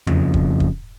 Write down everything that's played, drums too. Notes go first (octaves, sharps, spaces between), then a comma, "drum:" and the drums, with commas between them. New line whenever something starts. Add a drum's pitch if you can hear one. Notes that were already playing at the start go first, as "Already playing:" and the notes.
F2 C#3, drum: tom E2
drum: kick
drum: kick